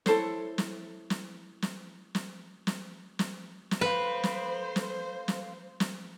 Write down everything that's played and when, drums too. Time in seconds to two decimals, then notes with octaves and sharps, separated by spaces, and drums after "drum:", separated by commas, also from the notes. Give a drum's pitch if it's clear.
0.06 E4 A4 C5 C#5, drum: snare
0.58 drum: snare
1.10 drum: snare
1.62 drum: snare
2.15 drum: snare
2.67 drum: snare
3.19 drum: snare
3.71 drum: snare
3.81 A4 B4 C5 F5
4.23 drum: snare
4.76 drum: snare
5.28 drum: snare
5.80 drum: snare